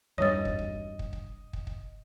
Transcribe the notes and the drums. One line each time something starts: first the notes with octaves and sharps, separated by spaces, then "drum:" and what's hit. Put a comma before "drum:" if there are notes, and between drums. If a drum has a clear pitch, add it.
E2 G2 G3 C#5 D#5 D#6 A6
drum: kick
drum: kick
drum: kick
drum: kick
drum: kick
drum: kick